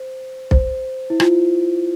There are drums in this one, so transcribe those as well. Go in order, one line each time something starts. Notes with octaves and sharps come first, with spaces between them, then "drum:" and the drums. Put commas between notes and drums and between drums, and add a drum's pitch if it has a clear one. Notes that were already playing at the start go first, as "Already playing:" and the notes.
Already playing: C5
C5, drum: kick B1
E4
F4, drum: rim click